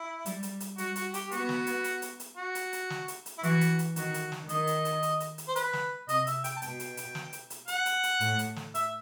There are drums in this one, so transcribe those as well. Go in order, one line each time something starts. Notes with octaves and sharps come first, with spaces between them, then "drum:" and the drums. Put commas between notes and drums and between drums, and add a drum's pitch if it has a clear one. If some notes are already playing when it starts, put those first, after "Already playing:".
Already playing: E4
G3, drum: hi-hat
drum: hi-hat
drum: hi-hat
G3 F#4, drum: hi-hat
F#4, drum: hi-hat
G4, drum: hi-hat
B3 F#4, drum: hi-hat
drum: snare
drum: hi-hat
drum: hi-hat
drum: hi-hat
drum: hi-hat
F#4
drum: hi-hat
drum: hi-hat
drum: snare
drum: hi-hat
drum: hi-hat
E4
E3 F#4, drum: hi-hat
drum: hi-hat
drum: hi-hat
D#3 F#4, drum: hi-hat
drum: hi-hat
drum: snare
D#3 D#5, drum: hi-hat
drum: hi-hat
drum: hi-hat
drum: hi-hat
drum: hi-hat
drum: hi-hat
C5
B4, drum: hi-hat
drum: snare
C3 D#5, drum: hi-hat
E5, drum: hi-hat
G5, drum: hi-hat
A5
B2 G5, drum: hi-hat
drum: hi-hat
drum: hi-hat
drum: snare
drum: hi-hat
drum: hi-hat
F#5, drum: hi-hat
drum: hi-hat
drum: hi-hat
A2, drum: hi-hat
drum: hi-hat
drum: snare
E5, drum: hi-hat